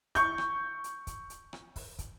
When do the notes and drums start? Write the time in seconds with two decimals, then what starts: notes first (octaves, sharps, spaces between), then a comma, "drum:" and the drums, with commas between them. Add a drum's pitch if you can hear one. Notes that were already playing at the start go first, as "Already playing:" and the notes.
0.15 C#6 G6, drum: kick, hi-hat
0.38 drum: rim click
0.84 drum: hi-hat
1.07 drum: kick, hi-hat
1.30 drum: hi-hat
1.53 drum: rim click
1.76 drum: kick, open hi-hat
1.99 drum: kick, hi-hat